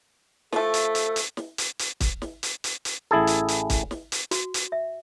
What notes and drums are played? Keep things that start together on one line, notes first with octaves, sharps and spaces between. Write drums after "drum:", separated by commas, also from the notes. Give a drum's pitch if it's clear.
F3 A3 A4, drum: snare
drum: hi-hat
drum: hi-hat
drum: hi-hat
drum: snare
drum: hi-hat
drum: hi-hat
drum: kick, hi-hat
drum: snare
drum: hi-hat
drum: hi-hat
drum: hi-hat
A1 E4 G#4 A4
drum: hi-hat
drum: hi-hat
drum: kick, hi-hat
drum: snare
drum: hi-hat
F#4, drum: hi-hat
drum: hi-hat
E5